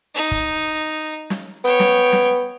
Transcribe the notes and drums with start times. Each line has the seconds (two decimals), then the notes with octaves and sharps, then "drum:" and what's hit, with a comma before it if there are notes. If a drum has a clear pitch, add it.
0.15 D#4
0.31 drum: kick
1.30 drum: snare
1.64 B3 C#5 G5
1.80 drum: snare
2.13 drum: snare